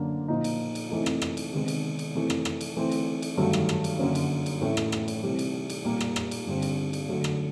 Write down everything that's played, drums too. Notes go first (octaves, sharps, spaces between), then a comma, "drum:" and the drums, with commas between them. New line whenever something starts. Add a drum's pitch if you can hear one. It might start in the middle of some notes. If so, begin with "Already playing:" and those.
Already playing: F#2 D3 F#3 A#3 D4
A#2 F3 A#3 D#4
drum: cymbal
drum: cymbal
C3 E3 A3 C4 D#4
drum: rim click
drum: rim click
drum: cymbal
C3 D#3 G#3 B3
drum: cymbal
drum: cymbal
C3 E3 A3
drum: rim click
drum: rim click
drum: cymbal
E3 A3 C4
drum: cymbal
drum: cymbal
G2 D#3 F#3 A3
drum: rim click
drum: rim click
drum: cymbal
F#2 D3 F#3 A#3 C#4
drum: cymbal
drum: cymbal
A2 E3 A3 C#4 E4
drum: rim click
drum: rim click
drum: cymbal
C3 E3 G3
drum: cymbal
drum: cymbal
A#2 G3 A#3
drum: rim click
drum: rim click
drum: cymbal
G2 D3 G3 C4
drum: cymbal
drum: cymbal
D3 F#3 A3
drum: rim click